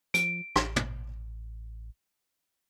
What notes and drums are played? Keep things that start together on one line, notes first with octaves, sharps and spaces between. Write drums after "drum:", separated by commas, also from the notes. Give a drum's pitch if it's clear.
F3 D7, drum: hi-hat
A1, drum: rim click
drum: tom